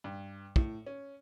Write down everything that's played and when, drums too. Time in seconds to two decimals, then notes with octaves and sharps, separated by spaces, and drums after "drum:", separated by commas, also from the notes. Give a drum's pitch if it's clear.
0.04 G2
0.56 A2, drum: kick
0.87 C#4